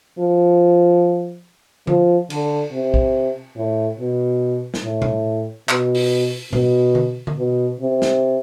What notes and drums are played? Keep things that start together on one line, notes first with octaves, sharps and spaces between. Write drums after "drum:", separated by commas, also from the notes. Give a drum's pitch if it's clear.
F3
F3, drum: tom D3
D3, drum: cymbal
C3
drum: kick
A2
B2
drum: snare
A2
drum: tom A#2
B2, drum: clap
drum: open hi-hat
B2, drum: tom A#2
drum: tom
drum: tom
B2
C3
drum: snare